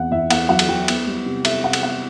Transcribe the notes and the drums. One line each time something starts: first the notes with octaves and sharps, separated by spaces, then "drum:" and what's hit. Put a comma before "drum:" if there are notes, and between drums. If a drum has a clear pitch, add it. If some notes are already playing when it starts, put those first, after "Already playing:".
Already playing: E2 B3 C4 F#5
E2 E5
B3 F#5, drum: cymbal
F#3 F#5
drum: cymbal
F#3 G5
B3, drum: cymbal
G3
C3
C3 E5, drum: cymbal
C3 F#5
drum: cymbal
B3 F#5